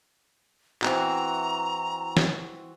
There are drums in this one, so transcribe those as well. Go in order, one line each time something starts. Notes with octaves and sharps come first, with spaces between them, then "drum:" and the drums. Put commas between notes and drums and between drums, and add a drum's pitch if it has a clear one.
E3 C4 F#4 A#5, drum: clap
drum: snare